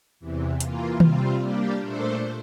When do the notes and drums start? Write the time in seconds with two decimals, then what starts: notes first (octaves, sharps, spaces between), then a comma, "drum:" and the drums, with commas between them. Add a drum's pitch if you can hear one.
0.20 E2 C3 E3
0.60 E3 A#3 F4, drum: hi-hat
1.00 C3 G3 C4 F4, drum: tom D#3
1.41 G3 A#3 D4 G4
1.81 A#2 A3 D4 A4 C5